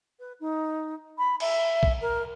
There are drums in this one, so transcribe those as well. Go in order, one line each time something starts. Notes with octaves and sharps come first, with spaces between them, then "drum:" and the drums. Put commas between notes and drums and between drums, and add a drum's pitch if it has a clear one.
B4
D#4
B5
E5, drum: cymbal
drum: kick
A#4